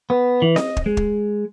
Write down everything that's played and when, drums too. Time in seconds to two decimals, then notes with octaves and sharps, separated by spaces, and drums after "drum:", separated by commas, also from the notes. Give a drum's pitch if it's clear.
0.10 B3
0.42 E3
0.56 D#5, drum: snare C4
0.77 drum: kick
0.86 G#3
0.97 drum: kick